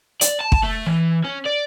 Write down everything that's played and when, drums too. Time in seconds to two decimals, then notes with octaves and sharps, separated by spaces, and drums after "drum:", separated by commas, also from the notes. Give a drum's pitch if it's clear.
0.21 D5, drum: hi-hat
0.40 A5
0.52 drum: kick
0.63 A3
0.87 E3
1.24 C#4
1.45 D5